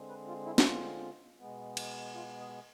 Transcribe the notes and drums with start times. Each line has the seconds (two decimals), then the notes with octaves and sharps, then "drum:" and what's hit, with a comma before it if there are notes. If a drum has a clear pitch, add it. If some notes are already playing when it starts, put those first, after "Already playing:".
Already playing: D3 G#3 C4
0.09 B4
0.28 F4
0.46 E4
0.58 E4, drum: snare
0.65 F4
1.40 B2 G#3 B3
1.77 drum: cymbal
2.15 F4
2.40 G#4